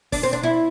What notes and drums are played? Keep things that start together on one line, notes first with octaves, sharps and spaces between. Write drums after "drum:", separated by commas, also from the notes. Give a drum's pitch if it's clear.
D4, drum: kick, open hi-hat
C4
D4
E4